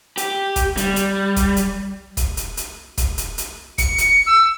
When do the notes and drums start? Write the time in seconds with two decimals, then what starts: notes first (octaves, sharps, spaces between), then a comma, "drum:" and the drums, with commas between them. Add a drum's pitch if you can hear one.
0.17 G4, drum: hi-hat
0.56 drum: kick, hi-hat
0.77 G3, drum: hi-hat
0.96 drum: hi-hat
1.36 drum: kick, hi-hat
1.57 drum: hi-hat
2.17 drum: kick, hi-hat
2.37 drum: hi-hat
2.57 drum: hi-hat
2.98 drum: kick, hi-hat
3.18 drum: hi-hat
3.38 drum: hi-hat
3.78 C#7, drum: kick, hi-hat
3.98 drum: hi-hat
4.26 E6